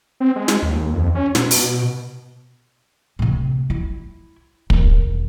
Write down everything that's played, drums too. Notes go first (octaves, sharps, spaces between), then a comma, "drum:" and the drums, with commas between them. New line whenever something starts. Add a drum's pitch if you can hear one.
C4
G#3
drum: snare
D#2
F2
C#4
B2, drum: snare
drum: open hi-hat
A2 C3
E4
E1 D#3, drum: kick